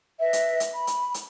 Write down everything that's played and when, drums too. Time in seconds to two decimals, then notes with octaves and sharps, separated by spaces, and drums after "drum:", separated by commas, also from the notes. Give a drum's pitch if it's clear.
0.19 B4 D#5 E5
0.33 drum: hi-hat
0.60 drum: hi-hat
0.74 B5
0.87 drum: hi-hat
1.14 drum: hi-hat